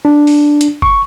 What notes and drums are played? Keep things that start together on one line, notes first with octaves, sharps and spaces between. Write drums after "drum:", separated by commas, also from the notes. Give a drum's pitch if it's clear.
D4
drum: open hi-hat
drum: hi-hat
C#6, drum: kick